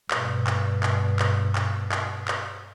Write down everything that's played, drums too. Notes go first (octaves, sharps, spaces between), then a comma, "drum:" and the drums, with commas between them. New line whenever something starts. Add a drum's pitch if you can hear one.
G2 B2, drum: clap
drum: clap
drum: clap
drum: clap
drum: clap
drum: clap
drum: clap